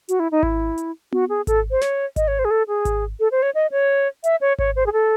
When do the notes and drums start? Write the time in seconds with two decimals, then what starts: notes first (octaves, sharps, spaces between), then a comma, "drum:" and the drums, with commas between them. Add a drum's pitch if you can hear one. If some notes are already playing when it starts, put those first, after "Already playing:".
0.09 F#4, drum: hi-hat
0.20 E4
0.31 D#4
0.43 E4, drum: kick G#1
0.78 drum: hi-hat
1.12 F#4, drum: tom B3
1.29 G#4
1.47 A4, drum: kick G#1, hi-hat
1.71 C5
1.81 C#5, drum: snare
2.16 D#5, drum: kick G#1, hi-hat
2.28 C#5
2.39 C5
2.45 G#4
2.51 A4
2.68 G#4
2.85 drum: kick G#1, hi-hat
3.20 A4
3.31 C5
3.42 C#5
3.55 D#5
3.71 C#5
4.24 E5, drum: hi-hat
4.41 C#5
4.59 C#5, drum: kick G#1
4.76 C5
4.86 G#4
4.93 A4